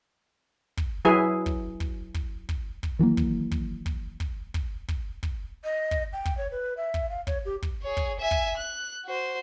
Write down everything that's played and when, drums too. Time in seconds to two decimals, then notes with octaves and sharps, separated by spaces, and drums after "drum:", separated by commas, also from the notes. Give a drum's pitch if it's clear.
0.77 drum: kick
1.05 F#3 E4 G#4 B4
1.46 drum: kick
1.80 drum: kick
2.14 drum: kick
2.49 drum: kick
2.83 drum: kick
2.99 D#3 E3 F#3 A#3
3.17 drum: kick
3.51 drum: kick
3.86 drum: kick
4.20 drum: kick
4.54 drum: kick
4.88 drum: kick
5.23 drum: kick
5.64 D#5
5.91 drum: kick
6.13 G5
6.25 drum: kick
6.38 C#5
6.51 B4
6.77 E5
6.94 drum: kick
7.10 F5
7.27 C#5, drum: kick
7.45 G4
7.62 drum: kick
7.82 G#4 C#5
7.97 drum: kick
8.20 E5 G#5
8.31 drum: kick
8.57 F#6
9.05 F#4 C5